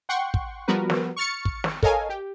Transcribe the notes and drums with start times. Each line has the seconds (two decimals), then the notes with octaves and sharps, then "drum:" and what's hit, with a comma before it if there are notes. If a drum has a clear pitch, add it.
0.09 F#5 G5 C6 C#6
0.34 drum: kick
0.68 F3 G3 B3 F#4 A#4 B4
0.90 drum: snare
1.16 C#6 F6 A6 C#7
1.45 drum: kick
1.64 drum: snare
1.83 A4 A#4 C#5 D#5 F5 G#5, drum: kick
2.09 G4